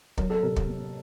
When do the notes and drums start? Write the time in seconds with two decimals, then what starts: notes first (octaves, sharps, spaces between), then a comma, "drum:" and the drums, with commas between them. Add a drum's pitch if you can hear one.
0.17 F#3 A#4, drum: kick
0.30 A4
0.43 C3 A#4
0.56 drum: kick
0.69 A#3